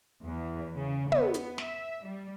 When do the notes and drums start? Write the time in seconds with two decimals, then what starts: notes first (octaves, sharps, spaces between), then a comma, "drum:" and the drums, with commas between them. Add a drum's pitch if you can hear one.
0.24 E2
0.79 C#3
1.12 B3, drum: tom
1.34 drum: hi-hat
1.58 E5, drum: snare
2.06 G3